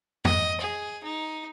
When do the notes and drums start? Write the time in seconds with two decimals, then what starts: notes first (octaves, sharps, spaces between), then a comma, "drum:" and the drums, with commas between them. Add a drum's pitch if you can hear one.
0.25 D#5, drum: tom
0.61 G#4
1.03 D#4